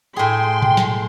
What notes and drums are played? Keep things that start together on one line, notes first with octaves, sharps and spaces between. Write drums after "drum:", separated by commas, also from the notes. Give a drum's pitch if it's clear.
A2 G#4 G5 C6
drum: tom A#2
drum: snare